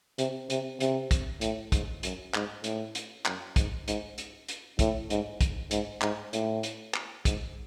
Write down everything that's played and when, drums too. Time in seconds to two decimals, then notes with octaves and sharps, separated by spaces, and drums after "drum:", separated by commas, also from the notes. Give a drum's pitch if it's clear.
0.18 C3, drum: hi-hat
0.50 C3, drum: hi-hat
0.80 C3, drum: hi-hat
1.11 drum: kick, hi-hat
1.41 A2, drum: hi-hat
1.72 G#2, drum: kick, hi-hat
2.03 F#2, drum: hi-hat
2.34 G#2, drum: clap
2.64 A2, drum: hi-hat
2.95 drum: hi-hat
3.25 F#2, drum: clap
3.56 G#2, drum: kick, hi-hat
3.88 G#2, drum: hi-hat
4.18 drum: hi-hat
4.48 drum: hi-hat
4.79 A2, drum: kick, hi-hat
5.10 G#2, drum: hi-hat
5.41 drum: kick, hi-hat
5.71 G#2, drum: hi-hat
6.02 G#2, drum: clap
6.33 A2, drum: hi-hat
6.63 drum: hi-hat
6.94 drum: clap
7.25 G#2, drum: kick, hi-hat